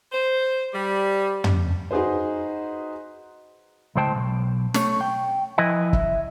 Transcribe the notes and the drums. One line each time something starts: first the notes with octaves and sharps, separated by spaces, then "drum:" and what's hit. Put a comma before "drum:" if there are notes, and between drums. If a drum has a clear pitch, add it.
C5
G3
drum: tom
D#4 F#4 G#4 B4 C5
C#2 A2 G#3 C5 G5 A5
B1
A3 C#5, drum: snare
G5
F3 E4 B4 D#5 G#5
E5, drum: kick